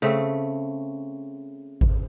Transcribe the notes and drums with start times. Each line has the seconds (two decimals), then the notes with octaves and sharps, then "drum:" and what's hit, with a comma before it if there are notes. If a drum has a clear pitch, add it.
0.02 C#3 A3 C4
1.81 drum: kick G#1